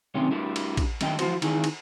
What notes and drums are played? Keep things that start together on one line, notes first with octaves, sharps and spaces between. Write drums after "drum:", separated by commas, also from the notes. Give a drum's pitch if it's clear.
B1 C3 D#3 C#4 G4
D4 E4 G4 A#4
drum: cymbal
drum: kick, cymbal
F#2 D#3 D4 D#5 E5 G5, drum: cymbal
E3 F3 D4 F4 F#4 C5, drum: cymbal
D#3 E3 G#4, drum: cymbal
drum: cymbal